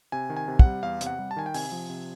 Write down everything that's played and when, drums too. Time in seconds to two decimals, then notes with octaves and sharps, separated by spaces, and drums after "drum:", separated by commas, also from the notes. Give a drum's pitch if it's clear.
0.12 C3 G#5
0.30 D#3
0.37 G#5
0.48 C3
0.59 F#5, drum: kick
0.66 G3
0.83 E2 F5
1.01 C3, drum: hi-hat
1.06 F#5
1.19 G3
1.31 A5
1.36 D#3 G#5
1.46 G5
1.54 C3 G#5, drum: open hi-hat
1.72 F3
1.90 C3